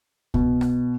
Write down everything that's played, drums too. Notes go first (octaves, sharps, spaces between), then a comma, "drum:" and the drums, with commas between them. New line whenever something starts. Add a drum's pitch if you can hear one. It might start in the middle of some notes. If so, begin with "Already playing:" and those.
B2, drum: kick C2
drum: rim click